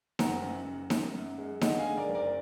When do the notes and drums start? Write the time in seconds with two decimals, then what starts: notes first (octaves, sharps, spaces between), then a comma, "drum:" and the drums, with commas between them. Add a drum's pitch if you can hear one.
0.19 F#1 F#5 A#5, drum: snare D#4
0.42 F#2
0.66 F#1
0.90 F#2, drum: snare D#4
1.14 F#2
1.38 G#3
1.61 D3 D#5 F#5, drum: snare D#4
1.79 F5 G#5
1.85 G#3
1.97 A#4 D5
2.09 F#1
2.15 A#4 D5